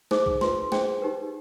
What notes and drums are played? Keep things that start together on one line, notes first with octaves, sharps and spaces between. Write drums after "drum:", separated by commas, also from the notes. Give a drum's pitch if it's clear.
D#4 G#4 C5 D6, drum: snare
drum: kick
F4 B4 C6, drum: snare
D4 G#4 C5 G5, drum: snare
D#4 G4 B4